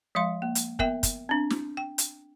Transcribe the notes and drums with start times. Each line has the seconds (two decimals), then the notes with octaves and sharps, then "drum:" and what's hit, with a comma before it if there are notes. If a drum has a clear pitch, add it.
0.15 F3 G#3 F5 C6
0.42 A#3
0.55 drum: hi-hat
0.79 B3 A#4 E5 G5, drum: kick
1.03 drum: kick, hi-hat
1.29 C4 D4
1.50 drum: snare
1.77 G5
1.98 drum: hi-hat